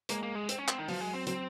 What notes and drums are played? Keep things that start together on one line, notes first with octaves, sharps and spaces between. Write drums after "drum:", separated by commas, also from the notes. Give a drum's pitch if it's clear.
G#3 A#3, drum: hi-hat
A#3
G#3
C4, drum: hi-hat
C#4
C4, drum: clap
D#3
F3 F#3, drum: open hi-hat
G#3
C4
F#3 C4, drum: hi-hat